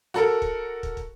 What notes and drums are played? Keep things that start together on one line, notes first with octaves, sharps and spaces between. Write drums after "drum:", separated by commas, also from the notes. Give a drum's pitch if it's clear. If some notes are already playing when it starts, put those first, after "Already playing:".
F#4 A4 A#4, drum: snare
drum: kick
drum: kick
drum: kick